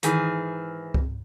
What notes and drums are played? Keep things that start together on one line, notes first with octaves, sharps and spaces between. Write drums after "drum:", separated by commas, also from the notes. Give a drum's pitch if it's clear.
G#2 D#3 E3 G#4, drum: hi-hat
drum: kick C#2